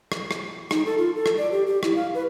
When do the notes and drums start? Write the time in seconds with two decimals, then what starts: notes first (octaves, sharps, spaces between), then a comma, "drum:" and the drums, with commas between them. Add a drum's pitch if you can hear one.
0.12 drum: rim click
0.31 drum: rim click
0.71 D#4, drum: rim click
0.86 A4
0.98 F4
1.15 A4
1.26 drum: rim click
1.38 D5
1.52 G4
1.67 G4
1.83 E4, drum: rim click
1.96 F5
2.14 B4